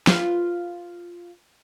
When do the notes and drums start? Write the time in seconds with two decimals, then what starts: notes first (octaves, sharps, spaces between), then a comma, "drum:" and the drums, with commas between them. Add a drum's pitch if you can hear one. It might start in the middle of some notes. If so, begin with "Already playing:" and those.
0.07 F4 B4 F5, drum: snare